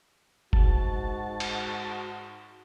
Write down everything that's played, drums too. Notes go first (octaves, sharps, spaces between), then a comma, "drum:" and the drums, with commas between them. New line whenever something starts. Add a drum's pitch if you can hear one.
G#2 F#4 A5, drum: kick F1
drum: cymbal